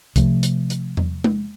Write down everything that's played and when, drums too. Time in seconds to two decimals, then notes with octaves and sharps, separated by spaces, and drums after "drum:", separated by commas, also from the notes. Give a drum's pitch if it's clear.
0.16 C3 F3 A3, drum: kick C2, hi-hat
0.43 drum: hi-hat
0.70 drum: hi-hat
0.97 drum: tom E2
1.24 drum: tom G#3